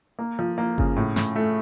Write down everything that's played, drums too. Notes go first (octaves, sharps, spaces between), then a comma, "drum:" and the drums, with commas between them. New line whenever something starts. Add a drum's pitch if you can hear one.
A#3
F3
A#3
C#3, drum: kick G1
A2
A2, drum: snare
A3